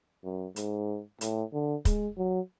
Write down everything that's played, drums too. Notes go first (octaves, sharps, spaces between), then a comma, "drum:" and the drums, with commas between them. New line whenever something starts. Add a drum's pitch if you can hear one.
F#2
G#2, drum: hi-hat
A2, drum: hi-hat
D3
G#3, drum: kick, hi-hat
F#3